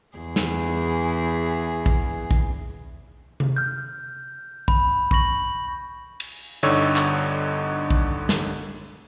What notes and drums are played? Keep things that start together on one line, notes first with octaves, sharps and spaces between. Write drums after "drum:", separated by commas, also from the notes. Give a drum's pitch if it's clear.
E2 G#4
drum: snare
drum: kick
drum: kick
drum: tom C3
F6 G6
B5, drum: kick
B5 C#6 A#6 F#7, drum: kick
drum: cymbal
G1 D3 D#4 C#5 E6
drum: clap
drum: kick
drum: snare